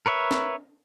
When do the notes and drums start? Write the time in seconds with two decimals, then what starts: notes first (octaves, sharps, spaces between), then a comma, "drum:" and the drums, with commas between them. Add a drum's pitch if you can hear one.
0.06 A#4 B4 C#5 E5
0.31 drum: snare